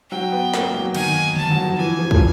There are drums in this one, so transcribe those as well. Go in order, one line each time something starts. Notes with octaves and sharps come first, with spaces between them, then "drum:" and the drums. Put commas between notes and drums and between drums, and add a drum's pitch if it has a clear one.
F#3 G5
B3
A#3, drum: snare
F#3
D#3 G#5, drum: cymbal
A5, drum: tom D3
F#3
F3
E3 G#5
F3
drum: kick